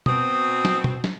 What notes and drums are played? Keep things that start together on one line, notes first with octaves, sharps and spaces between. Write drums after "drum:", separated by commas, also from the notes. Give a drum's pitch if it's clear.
B2 C4 D#6, drum: tom B2
drum: snare
drum: tom B2
drum: snare